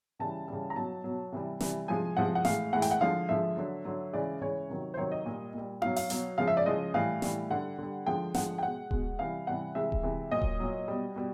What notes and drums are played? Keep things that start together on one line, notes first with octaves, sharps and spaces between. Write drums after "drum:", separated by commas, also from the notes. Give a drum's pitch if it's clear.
C#3 E3 G3 A5
C#3 E3 G3
A#5
B2 F#3 A5
B2 F#3
C3 E3 G3
C3 E3 G3, drum: snare
C3 F3 G#3 G#5
C3 F3 G#3 F#5
F#5
A2 E3 G#3 F5, drum: snare
A2 E3 G#3 F#5
G5, drum: hi-hat
F#5
D3 F3 G#3 F5
D3 F3 G#3 E5
D3 F#3
D3 F#3
C#3 E3 G#3 D5
C#3 E3 G#3 C#5
C3 D#3 F#3
C5
C3 D#3 F#3 C#5
D#5
A#2 G3
A#2 G3
B2 F#3 F5, drum: tom D#4
F5, drum: open hi-hat
B2 F#3, drum: hi-hat
C#3 F3 G#3 F5
E5
D5
C#3 F3 G#3 D#5
A2 E3 G3 F5
A2 E3 G3, drum: snare
D3 G3 F#5
D3 G3
D3 F3 G#3 G5
D3 F3 G#3 F#5, drum: snare
G5
B2 G#3 F#5
B2 G#3, drum: kick D#1
C3 E3 G3 F5
C3 E3 G3 F#5
C3 E3 G#3 E5
drum: kick D#1
C3 E3 G#3
A#2 F#3 D#5
drum: kick D#1
A#2 F#3
B2 G3
B2 G3